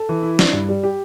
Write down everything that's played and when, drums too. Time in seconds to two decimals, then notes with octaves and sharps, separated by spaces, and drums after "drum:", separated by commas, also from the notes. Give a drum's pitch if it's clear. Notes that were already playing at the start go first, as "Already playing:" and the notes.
Already playing: A4
0.09 E3
0.23 E4
0.39 D4, drum: snare
0.53 G2
0.69 G3
0.83 G4